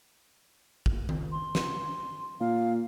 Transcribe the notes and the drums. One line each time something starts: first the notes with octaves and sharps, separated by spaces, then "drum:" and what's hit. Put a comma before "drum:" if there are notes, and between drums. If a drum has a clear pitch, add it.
drum: kick
drum: tom D#3
C6
drum: snare
A#2 F5